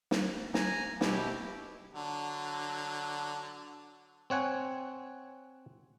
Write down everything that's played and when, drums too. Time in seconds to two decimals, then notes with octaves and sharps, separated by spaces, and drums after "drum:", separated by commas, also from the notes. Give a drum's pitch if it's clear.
0.11 drum: snare
0.54 G#5 A#5, drum: snare
1.01 B2 E4 G4, drum: snare
1.94 D3 F#3
4.30 C4 C#5 F#5 G#5